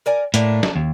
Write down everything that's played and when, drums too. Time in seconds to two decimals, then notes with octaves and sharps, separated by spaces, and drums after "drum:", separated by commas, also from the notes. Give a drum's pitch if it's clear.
0.06 A#4 D5 G#5
0.34 A2 A3 A#3 D4, drum: hi-hat
0.63 drum: snare
0.76 D#2